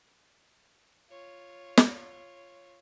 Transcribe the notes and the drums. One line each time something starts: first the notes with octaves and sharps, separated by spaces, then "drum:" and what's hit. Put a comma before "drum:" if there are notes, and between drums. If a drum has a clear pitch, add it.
F4 C#5
drum: snare